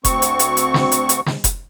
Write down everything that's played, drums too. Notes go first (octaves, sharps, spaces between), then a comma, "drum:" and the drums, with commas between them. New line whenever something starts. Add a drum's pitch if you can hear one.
D2 C4 C#6, drum: kick F1, hi-hat
drum: hi-hat
drum: hi-hat
drum: hi-hat
drum: snare
drum: hi-hat
drum: hi-hat
drum: snare
drum: kick F1, hi-hat